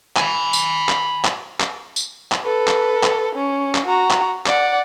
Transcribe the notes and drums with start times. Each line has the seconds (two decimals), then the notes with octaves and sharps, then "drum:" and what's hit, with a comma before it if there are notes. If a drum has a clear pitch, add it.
0.16 G#5 B5, drum: clap
0.53 drum: tambourine
0.89 drum: clap
1.25 drum: clap
1.60 drum: clap
1.96 drum: tambourine
2.32 drum: clap
2.43 A4 B4
2.68 drum: clap
3.03 drum: clap
3.35 C#4
3.75 drum: clap
3.86 F#4 A#5
4.11 drum: clap
4.46 D5 F#5, drum: clap